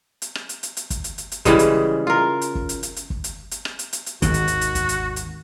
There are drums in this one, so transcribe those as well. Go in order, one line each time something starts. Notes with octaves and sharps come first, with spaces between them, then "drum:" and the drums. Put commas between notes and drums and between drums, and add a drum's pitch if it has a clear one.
drum: hi-hat
drum: rim click
drum: hi-hat
drum: hi-hat
drum: hi-hat
drum: kick, hi-hat
drum: hi-hat
drum: hi-hat
drum: hi-hat
C#3 E3 G3 G#3, drum: kick, hi-hat
drum: hi-hat
F4 A#4
drum: hi-hat
drum: kick
drum: hi-hat
drum: hi-hat
drum: hi-hat
drum: kick
drum: hi-hat
drum: hi-hat
drum: rim click
drum: hi-hat
drum: hi-hat
drum: hi-hat
G#1 D#2 D#3 F#4, drum: kick, hi-hat
drum: hi-hat
drum: hi-hat
drum: hi-hat
drum: kick, hi-hat
drum: hi-hat
drum: hi-hat